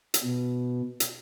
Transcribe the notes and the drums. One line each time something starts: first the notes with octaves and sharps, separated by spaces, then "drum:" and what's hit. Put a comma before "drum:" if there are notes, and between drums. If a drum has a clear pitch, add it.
drum: hi-hat
B2
drum: hi-hat